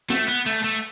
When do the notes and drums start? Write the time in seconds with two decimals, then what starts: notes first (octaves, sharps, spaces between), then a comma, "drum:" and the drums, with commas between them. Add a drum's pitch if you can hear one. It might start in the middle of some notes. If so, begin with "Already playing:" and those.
0.10 A3, drum: snare
0.28 B3
0.46 A3, drum: cymbal
0.64 A3